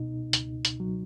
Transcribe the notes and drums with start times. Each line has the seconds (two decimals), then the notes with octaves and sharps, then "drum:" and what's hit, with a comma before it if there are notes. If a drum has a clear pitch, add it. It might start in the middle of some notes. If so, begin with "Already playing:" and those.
Already playing: C#2 B2 D#4
0.33 C#2, drum: hi-hat
0.65 drum: hi-hat
0.80 F#3